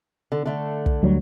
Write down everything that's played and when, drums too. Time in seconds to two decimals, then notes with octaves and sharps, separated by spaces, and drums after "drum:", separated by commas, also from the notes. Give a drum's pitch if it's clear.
0.32 D3
0.46 D3 A3 D4
0.86 drum: kick
1.03 D2 F#3 G3